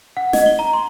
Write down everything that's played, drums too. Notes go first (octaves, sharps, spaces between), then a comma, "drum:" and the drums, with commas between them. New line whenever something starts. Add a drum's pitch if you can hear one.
F#5
D#5, drum: snare
G7
A#5
C6